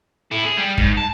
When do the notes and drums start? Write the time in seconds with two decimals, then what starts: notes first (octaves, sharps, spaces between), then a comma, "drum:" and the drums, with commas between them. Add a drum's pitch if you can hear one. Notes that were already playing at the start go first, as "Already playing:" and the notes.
0.31 E4 A4
0.44 G#4
0.57 G3
0.78 G#2, drum: kick
0.97 A5